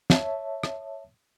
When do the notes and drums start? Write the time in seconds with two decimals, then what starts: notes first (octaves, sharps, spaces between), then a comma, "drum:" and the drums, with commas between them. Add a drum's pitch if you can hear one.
0.10 C#5 E5 A5, drum: snare
0.63 drum: rim click